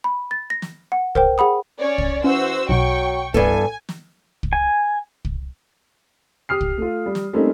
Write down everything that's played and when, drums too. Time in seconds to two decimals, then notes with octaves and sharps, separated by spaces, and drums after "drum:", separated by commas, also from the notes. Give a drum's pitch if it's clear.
0.04 B5
0.31 A6
0.50 A#6
0.62 drum: snare
0.92 F#5
1.15 A#4 C5 G5, drum: kick
1.38 G#4 F#5 B5 D#6
1.79 C#4 C#5 D5
1.98 drum: kick
2.24 E3 C#4 F#4 C5 E6
2.69 B1 B2 F#3 G5 C#6
3.34 G2 E3 B3 A4 G#5, drum: kick
3.89 drum: snare
4.43 drum: kick
4.53 G#5
5.25 drum: kick
6.49 G4 D#6 F6 C7
6.61 drum: kick
6.78 A3 F4
7.06 G3
7.15 drum: snare
7.33 G3 A3 A#3 C4 C#4 D#4